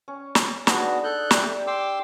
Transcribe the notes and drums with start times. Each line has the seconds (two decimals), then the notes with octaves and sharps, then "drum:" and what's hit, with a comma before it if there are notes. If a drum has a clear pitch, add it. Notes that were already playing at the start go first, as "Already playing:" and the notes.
0.08 C#4
0.35 drum: snare
0.67 B3 D4 D#4 F#4 G#4, drum: snare
1.04 A4 F#6 G6
1.31 G4 D5 E5, drum: snare
1.67 G5 C6 D6 E6